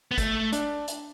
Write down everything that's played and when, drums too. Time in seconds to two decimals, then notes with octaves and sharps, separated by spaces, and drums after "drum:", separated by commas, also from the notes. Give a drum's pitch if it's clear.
0.11 B3
0.18 A3, drum: kick G1, hi-hat
0.52 D4, drum: hi-hat
0.88 drum: hi-hat